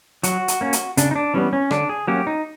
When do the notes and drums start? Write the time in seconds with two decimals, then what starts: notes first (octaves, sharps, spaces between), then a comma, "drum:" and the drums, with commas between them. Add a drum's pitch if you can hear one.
0.23 F#3 F#4, drum: hi-hat
0.48 drum: hi-hat
0.61 A#3 C#4
0.73 drum: hi-hat
0.97 C#3 D4, drum: hi-hat
1.11 D#4
1.16 D4
1.34 E3 G3 B3 C#4
1.53 C#4
1.71 D3 D4, drum: rim click
1.89 G#4
2.07 F#3 A#3 C#4 G4
2.27 D#4